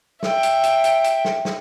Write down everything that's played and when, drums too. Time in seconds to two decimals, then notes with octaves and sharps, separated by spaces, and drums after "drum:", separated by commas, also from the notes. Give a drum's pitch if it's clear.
0.23 E5 G5, drum: snare
0.43 drum: hi-hat
0.63 drum: hi-hat
0.84 drum: hi-hat
1.04 drum: hi-hat
1.25 drum: snare
1.45 drum: snare